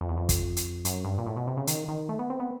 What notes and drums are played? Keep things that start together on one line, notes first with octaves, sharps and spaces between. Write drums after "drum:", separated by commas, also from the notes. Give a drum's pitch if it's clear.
F2
E2
F2
drum: kick, hi-hat
drum: hi-hat
F#2, drum: hi-hat
G2
A#2
A2
B2
C3
C#3
D#3, drum: hi-hat
D#3
A3
B3
C4
B3